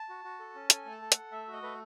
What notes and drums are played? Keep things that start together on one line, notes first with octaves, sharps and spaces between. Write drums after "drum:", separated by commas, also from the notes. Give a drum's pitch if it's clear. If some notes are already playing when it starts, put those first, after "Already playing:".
Already playing: A5
F#4
F#4
A4
C#4
A4 G#5, drum: hi-hat
A3
A5
A4
A4 F#5, drum: hi-hat
A3 E5
F#4 D#5
A3 B4